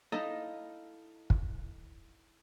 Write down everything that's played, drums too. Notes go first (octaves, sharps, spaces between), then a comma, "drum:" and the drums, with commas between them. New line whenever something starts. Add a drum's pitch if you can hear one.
D#4 E4 A4 D#5 F5
drum: kick